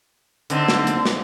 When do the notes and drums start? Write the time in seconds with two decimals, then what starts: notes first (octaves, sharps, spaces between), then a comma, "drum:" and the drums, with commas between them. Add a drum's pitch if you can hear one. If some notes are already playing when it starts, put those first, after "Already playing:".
0.50 D3 C4 D#4, drum: hi-hat
0.68 drum: snare
0.87 drum: hi-hat
1.05 drum: snare